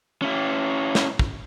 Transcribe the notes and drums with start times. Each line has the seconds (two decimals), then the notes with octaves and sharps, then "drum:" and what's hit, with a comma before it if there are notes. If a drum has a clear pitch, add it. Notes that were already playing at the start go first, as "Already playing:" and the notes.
0.22 C#4 E4
0.95 drum: snare
1.19 drum: kick